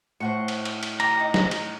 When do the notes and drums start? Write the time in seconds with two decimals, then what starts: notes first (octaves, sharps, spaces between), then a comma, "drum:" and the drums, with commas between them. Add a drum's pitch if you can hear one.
0.20 A2 C5 F#5 C#6
0.48 drum: cymbal
0.65 drum: cymbal
0.83 drum: cymbal
1.00 G4 A#5, drum: cymbal
1.20 D#4
1.34 drum: snare
1.51 drum: cymbal